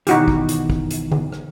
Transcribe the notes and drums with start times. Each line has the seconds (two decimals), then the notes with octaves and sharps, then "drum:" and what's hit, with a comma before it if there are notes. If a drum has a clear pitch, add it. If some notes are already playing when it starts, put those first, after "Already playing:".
0.07 B2 D#3 E3 D#4 F#4 G4, drum: hi-hat
0.28 drum: kick
0.49 drum: hi-hat
0.70 drum: kick
0.91 drum: hi-hat
1.12 drum: tom D3
1.32 drum: rim click